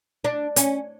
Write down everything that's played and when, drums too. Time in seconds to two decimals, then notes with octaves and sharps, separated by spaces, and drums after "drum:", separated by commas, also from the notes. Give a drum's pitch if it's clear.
0.24 D4
0.56 C#4, drum: hi-hat